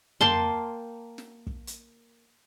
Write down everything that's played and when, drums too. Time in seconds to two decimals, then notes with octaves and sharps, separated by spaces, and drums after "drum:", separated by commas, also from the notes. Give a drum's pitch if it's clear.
0.21 A#3 G5 A5 C6, drum: tom
1.18 drum: snare
1.47 drum: kick
1.67 drum: hi-hat